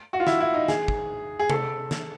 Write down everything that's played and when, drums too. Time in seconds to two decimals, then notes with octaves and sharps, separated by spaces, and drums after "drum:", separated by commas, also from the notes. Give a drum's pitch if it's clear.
0.13 F#4
0.20 F4
0.27 E4, drum: snare
0.40 E4
0.54 D#4
0.68 G#4, drum: snare
0.88 drum: kick
1.39 G#4
1.50 A4, drum: tom C3
1.91 drum: snare